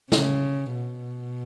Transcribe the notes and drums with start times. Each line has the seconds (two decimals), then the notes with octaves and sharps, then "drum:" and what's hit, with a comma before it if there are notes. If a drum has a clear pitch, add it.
0.12 C#3, drum: snare
0.74 B2